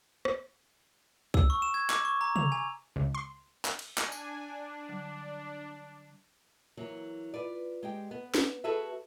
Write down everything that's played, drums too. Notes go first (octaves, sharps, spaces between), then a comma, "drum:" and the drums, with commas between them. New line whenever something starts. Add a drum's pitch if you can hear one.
drum: rim click
E6, drum: kick C2
C#6
E7
G#6
D6, drum: clap
C#6
A#5
F7, drum: tom
G#5
C#2
C6
drum: clap
drum: cymbal
D4 G#5, drum: clap
drum: tambourine
D4
D3 F#3 G3
E3 F#3 A#3
F4 B4 D5
G#3 G4 G5
B3
drum: snare
F#4 G#4 A4 B4 E5